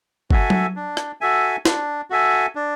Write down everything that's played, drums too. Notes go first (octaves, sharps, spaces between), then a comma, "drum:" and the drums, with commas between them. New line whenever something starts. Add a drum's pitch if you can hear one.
F#4 A4 E5 G#5, drum: kick F#1
drum: tom F#3
D4
drum: rim click
F#4 A4 E5 G#5
D4, drum: snare
F#4 A4 E5 G#5
D4